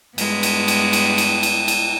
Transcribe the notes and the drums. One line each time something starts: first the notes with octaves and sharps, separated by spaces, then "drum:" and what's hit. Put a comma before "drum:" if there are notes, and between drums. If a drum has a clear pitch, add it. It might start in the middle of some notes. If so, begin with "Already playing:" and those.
G2 G#3 B3, drum: cymbal
drum: cymbal
drum: cymbal
drum: cymbal
drum: cymbal
drum: cymbal
drum: cymbal